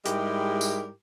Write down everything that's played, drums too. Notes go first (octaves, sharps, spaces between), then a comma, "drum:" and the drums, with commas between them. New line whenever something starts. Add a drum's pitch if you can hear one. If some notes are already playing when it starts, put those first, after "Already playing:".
G#2 G3 G#3 E4 G4 A#4, drum: hi-hat
drum: tambourine